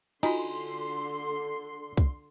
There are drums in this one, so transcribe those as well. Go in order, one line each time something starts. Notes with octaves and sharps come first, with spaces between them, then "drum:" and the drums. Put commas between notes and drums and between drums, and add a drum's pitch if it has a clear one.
D3 D#4 F4 F#4 G#5 C6, drum: cymbal
drum: kick C2